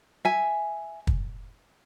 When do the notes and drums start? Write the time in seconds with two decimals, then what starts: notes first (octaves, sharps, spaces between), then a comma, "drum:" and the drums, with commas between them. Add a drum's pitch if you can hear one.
0.25 E5 G#5
1.07 drum: kick